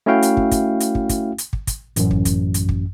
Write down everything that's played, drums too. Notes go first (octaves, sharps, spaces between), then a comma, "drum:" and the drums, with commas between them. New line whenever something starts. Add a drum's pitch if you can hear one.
A3 C#4 E4 F#4 F5 G5
drum: hi-hat
drum: kick
drum: kick, hi-hat
drum: hi-hat
drum: kick
drum: kick, hi-hat
drum: hi-hat
drum: kick
drum: kick, hi-hat
A1 F#2, drum: hi-hat
drum: kick
drum: kick, hi-hat
drum: hi-hat
drum: kick